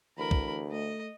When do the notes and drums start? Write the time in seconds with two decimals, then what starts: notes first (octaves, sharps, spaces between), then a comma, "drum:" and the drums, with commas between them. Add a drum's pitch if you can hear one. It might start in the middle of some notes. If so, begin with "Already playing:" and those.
0.18 D2 E3 A#4 B5
0.31 drum: kick
0.72 A3 D#5